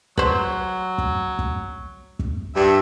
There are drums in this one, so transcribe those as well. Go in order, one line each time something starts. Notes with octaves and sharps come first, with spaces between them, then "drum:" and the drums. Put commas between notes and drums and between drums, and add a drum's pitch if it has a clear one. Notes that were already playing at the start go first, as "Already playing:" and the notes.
F#3 B4 C5, drum: kick
drum: kick
drum: kick
drum: kick
G2 E5